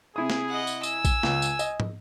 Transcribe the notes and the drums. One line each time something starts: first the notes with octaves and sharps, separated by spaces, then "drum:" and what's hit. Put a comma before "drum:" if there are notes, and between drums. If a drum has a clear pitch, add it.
C3 E4 G#4 D#6
drum: snare
D#5 F#5
drum: tambourine
G#5 E6, drum: tambourine
drum: kick A#1, tambourine
C#2, drum: snare
drum: tambourine
D#5, drum: tambourine
drum: tom